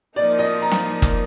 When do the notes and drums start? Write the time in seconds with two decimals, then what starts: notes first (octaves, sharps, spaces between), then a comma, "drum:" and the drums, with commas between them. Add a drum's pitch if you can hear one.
0.16 F3 A#3 D#4 D5
0.39 D#5
0.62 A#5
0.71 drum: snare
1.02 drum: kick